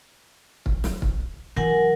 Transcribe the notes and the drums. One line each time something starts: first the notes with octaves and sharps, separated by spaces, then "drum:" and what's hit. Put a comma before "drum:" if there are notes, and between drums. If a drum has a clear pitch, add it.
drum: kick
drum: snare
drum: kick
E3 F#3 A#4 F#5 G#5